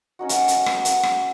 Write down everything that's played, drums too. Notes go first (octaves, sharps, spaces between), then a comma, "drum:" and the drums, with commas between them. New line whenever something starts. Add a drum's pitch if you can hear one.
C#4 D#4 F#4
drum: hi-hat
drum: hi-hat
B3, drum: rim click
drum: hi-hat
drum: rim click